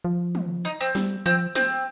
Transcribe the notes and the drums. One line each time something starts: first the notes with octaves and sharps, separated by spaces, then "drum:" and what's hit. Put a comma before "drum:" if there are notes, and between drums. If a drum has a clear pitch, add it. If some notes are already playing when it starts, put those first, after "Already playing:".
F3
drum: tom
D#4
C4
G3, drum: snare
F3 C4
C4, drum: snare